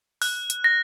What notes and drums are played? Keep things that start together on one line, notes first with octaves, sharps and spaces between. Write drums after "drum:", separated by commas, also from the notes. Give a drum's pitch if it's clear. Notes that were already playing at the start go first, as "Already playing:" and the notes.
F#6, drum: open hi-hat
drum: hi-hat
A#6